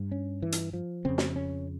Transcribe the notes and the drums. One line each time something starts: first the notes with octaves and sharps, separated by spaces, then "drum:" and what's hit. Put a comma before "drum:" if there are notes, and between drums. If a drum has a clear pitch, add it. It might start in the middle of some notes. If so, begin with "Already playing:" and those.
Already playing: G2
C#4
E3
drum: hi-hat
F3
F2 C#3 C4
drum: snare
C#4